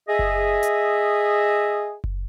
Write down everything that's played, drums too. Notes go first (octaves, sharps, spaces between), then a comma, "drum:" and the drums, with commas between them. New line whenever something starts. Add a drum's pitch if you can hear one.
G#4 D#5 E5
drum: kick F#1
drum: hi-hat
drum: kick F#1